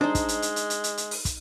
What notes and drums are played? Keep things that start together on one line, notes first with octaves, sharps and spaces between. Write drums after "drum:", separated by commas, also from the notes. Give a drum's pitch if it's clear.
G#3 D4 D#4 C5
drum: kick, hi-hat
drum: hi-hat
drum: hi-hat
drum: hi-hat
drum: hi-hat
drum: hi-hat
drum: hi-hat
drum: open hi-hat
drum: kick, hi-hat